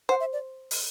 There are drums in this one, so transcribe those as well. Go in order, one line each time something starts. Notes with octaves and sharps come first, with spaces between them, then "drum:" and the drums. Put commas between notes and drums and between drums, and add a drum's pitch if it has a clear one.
C5 F#5
E5
D5
drum: open hi-hat